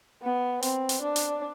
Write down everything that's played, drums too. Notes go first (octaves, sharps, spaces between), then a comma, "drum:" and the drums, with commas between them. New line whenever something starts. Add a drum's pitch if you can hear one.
B3
C4, drum: hi-hat
drum: hi-hat
D4
drum: hi-hat